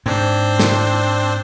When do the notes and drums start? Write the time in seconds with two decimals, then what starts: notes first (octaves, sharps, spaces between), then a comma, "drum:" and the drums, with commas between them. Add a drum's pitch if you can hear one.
0.06 G#2 C4 D4 C5
0.59 drum: snare